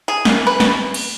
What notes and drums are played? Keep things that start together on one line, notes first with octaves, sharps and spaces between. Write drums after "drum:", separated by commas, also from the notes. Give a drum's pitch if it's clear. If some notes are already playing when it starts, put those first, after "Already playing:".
G#4
E3 A#3, drum: snare
B4
drum: snare
drum: cymbal